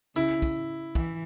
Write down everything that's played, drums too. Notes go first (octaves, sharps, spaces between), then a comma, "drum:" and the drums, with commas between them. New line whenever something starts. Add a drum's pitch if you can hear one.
C#3 E4, drum: tambourine
drum: kick, tambourine
E3, drum: kick